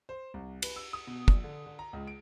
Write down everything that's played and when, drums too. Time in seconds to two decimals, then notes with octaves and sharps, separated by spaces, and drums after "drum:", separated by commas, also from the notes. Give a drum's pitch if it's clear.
0.09 C5
0.34 C2
0.62 B4, drum: cymbal
0.76 E6
0.93 D#6
1.07 B2
1.28 A#1, drum: kick
1.44 D3
1.66 D3
1.79 A#5
1.93 C#2
2.07 D7